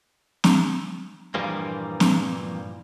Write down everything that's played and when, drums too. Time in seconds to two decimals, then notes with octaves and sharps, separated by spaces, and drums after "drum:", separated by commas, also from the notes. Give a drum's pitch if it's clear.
0.44 drum: snare
1.34 G2 A#2 E3 F3 G3 A#3
2.00 drum: snare